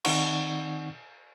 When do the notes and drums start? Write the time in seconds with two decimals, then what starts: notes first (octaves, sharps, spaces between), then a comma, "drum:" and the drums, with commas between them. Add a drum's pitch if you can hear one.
0.05 D#3 C4 D#4 D5 F#5 C#6, drum: cymbal